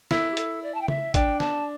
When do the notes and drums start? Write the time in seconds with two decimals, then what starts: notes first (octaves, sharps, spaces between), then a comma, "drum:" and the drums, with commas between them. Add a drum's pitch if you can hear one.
0.11 E4 A4, drum: snare
0.31 G4
0.37 A4, drum: hi-hat
0.63 D5
0.74 A5
0.81 G5
0.88 E5, drum: tom C#3
1.14 D4 G5, drum: kick, hi-hat
1.40 A5, drum: snare